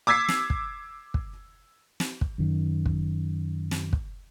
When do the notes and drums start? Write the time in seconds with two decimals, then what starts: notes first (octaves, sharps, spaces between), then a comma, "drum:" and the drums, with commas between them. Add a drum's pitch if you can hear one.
0.07 D6 E6 G#6 B6 C7
0.29 drum: snare
0.50 drum: kick
1.14 drum: kick
2.00 drum: snare
2.21 drum: kick
2.38 F#2 D#3
2.86 drum: kick
3.71 drum: snare
3.93 drum: kick